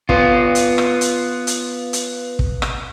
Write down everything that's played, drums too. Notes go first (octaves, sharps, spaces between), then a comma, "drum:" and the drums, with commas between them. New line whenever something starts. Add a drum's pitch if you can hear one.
B3 F4, drum: kick
drum: hi-hat
drum: rim click
drum: hi-hat
drum: hi-hat
drum: hi-hat
drum: kick
drum: rim click